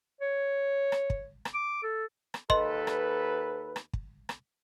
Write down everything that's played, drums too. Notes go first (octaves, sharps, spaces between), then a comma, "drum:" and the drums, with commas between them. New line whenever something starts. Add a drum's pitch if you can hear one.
C#5
drum: rim click
drum: kick
drum: rim click
D6
A4
drum: rim click
D#2 A4 B4 D#5 C6, drum: kick
drum: rim click
drum: rim click
drum: kick
drum: rim click